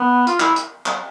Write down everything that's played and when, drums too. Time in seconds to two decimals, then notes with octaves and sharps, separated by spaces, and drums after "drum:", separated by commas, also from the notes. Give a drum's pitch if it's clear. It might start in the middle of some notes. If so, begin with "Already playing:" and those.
Already playing: B3
0.27 F4, drum: hi-hat
0.40 E4, drum: clap
0.56 drum: hi-hat
0.86 drum: clap